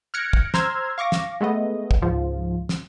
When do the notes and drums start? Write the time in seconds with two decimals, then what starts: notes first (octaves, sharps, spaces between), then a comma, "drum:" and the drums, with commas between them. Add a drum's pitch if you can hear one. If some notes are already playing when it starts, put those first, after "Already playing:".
0.14 F6 F#6 G#6 A#6 C#7 D7
0.33 drum: kick
0.54 C5 A#5 C6 E6 F6 G#6, drum: snare
0.98 F5 C#6 D6 A#6
1.12 drum: snare
1.41 G#3 A3 B3 D#5
1.91 drum: kick
2.02 C#2 G#2 F3
2.69 drum: snare